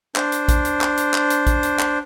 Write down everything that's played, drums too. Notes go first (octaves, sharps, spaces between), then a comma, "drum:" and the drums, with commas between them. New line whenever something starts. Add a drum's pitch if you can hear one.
D4 C5, drum: clap
drum: hi-hat
drum: kick A1, hi-hat
drum: hi-hat
drum: clap
drum: hi-hat
drum: clap
drum: hi-hat
drum: kick A1, hi-hat
drum: hi-hat
drum: clap